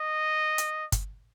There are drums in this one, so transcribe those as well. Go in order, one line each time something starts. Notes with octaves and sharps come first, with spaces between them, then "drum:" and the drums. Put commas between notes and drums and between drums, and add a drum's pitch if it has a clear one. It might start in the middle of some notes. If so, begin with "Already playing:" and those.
Already playing: D#5
drum: hi-hat
drum: kick, hi-hat